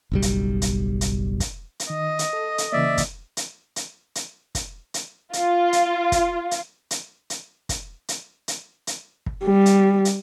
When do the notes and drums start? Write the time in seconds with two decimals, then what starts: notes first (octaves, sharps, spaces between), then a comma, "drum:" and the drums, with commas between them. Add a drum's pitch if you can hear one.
0.12 F#1 B1 G3
0.22 drum: hi-hat
0.62 drum: hi-hat
1.01 drum: hi-hat
1.40 drum: kick, hi-hat
1.80 drum: hi-hat
1.90 D#3 D#5
2.19 drum: hi-hat
2.33 A4
2.58 drum: hi-hat
2.72 C#3 E3 A#3 D5 E5
2.97 drum: kick, hi-hat
3.37 drum: hi-hat
3.76 drum: hi-hat
4.15 drum: hi-hat
4.55 drum: kick, hi-hat
4.94 drum: hi-hat
5.33 F4, drum: hi-hat
5.73 drum: hi-hat
6.12 drum: kick, hi-hat
6.51 drum: hi-hat
6.91 drum: hi-hat
7.30 drum: hi-hat
7.69 drum: kick, hi-hat
8.08 drum: hi-hat
8.48 drum: hi-hat
8.87 drum: hi-hat
9.26 drum: kick
9.45 G3
9.66 drum: hi-hat
10.05 drum: hi-hat